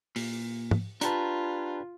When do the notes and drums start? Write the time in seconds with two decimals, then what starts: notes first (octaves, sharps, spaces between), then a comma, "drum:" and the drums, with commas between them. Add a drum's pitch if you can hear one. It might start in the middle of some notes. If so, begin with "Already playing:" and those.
0.16 A#2, drum: open hi-hat
0.71 drum: tom G#2
1.01 D4 F4 G4 B4 A5 A#5, drum: hi-hat